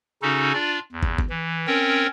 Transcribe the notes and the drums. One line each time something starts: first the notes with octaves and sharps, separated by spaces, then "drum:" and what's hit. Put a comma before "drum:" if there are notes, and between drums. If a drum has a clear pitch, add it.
C#3 C#4 D#4 F#4 A4
D4 F4 D5
E2
drum: kick
drum: kick
E3
C4 C#4 A#4 C#5